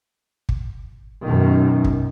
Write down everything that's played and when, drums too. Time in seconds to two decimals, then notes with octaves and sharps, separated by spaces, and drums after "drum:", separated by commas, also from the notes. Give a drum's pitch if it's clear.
0.49 drum: kick
1.24 F#2 B2 D#3
1.84 drum: kick